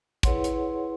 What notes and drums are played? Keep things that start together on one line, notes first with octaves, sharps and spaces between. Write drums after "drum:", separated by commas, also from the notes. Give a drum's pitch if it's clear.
E4 G#4 B4 C#5 F#5 C6, drum: kick, hi-hat
drum: hi-hat